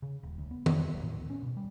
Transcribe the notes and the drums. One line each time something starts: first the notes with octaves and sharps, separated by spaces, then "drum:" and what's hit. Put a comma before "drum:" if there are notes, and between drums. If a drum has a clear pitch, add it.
C#3
D#1
D2
B3
F2, drum: tom D#3
F#3
D#1
A2
D2
C#4
B2
G3